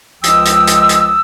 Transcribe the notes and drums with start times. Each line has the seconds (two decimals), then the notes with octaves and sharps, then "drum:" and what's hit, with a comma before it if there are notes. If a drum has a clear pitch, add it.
0.24 C#2 F3 G#3 G5 D#6 E6, drum: hi-hat
0.45 drum: hi-hat
0.67 drum: hi-hat
0.89 drum: hi-hat